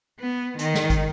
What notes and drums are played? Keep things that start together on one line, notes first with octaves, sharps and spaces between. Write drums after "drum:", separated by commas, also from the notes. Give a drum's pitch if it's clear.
B3
D#3, drum: hi-hat
drum: snare
drum: kick, hi-hat